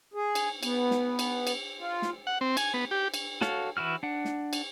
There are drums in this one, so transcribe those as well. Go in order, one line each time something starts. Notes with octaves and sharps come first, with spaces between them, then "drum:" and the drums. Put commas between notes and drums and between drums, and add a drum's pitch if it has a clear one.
G#4
drum: cymbal
B3, drum: cymbal
drum: snare
drum: cymbal
drum: cymbal
F4
drum: snare
F#5
C4
G#5, drum: cymbal
B3
G4
drum: cymbal
F#4 A4 C#5 F5, drum: snare
E3 E4 F#4 F6
D4 F#5
drum: snare
drum: cymbal